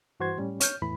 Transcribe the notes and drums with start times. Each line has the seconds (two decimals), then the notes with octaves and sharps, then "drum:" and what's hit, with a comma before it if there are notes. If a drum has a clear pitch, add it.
0.20 G2 E3 F#4 C5 C6 G#6
0.38 A2 G3 C#4
0.60 C#5 F6 G6, drum: hi-hat
0.82 E2 A2 E3 B5